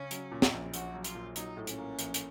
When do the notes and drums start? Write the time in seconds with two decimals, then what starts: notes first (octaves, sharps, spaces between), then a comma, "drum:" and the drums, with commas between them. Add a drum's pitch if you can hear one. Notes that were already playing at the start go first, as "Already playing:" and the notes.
Already playing: C#3 C#4
0.11 F#3, drum: hi-hat
0.32 A#2
0.42 drum: snare
0.53 A#1
0.74 A#1 F#4, drum: hi-hat
0.94 F#3
1.04 F4, drum: hi-hat
1.15 A#2
1.36 F#3 D#4, drum: hi-hat
1.57 A2
1.67 C#4, drum: hi-hat
1.78 A#3
1.99 A#1, drum: hi-hat
2.14 drum: hi-hat